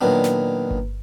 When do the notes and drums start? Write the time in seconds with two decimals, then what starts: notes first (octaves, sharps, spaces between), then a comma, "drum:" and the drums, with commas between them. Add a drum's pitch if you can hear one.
0.01 A#2 D#3 F#3 B3 D4
0.24 drum: snare
0.71 drum: kick G1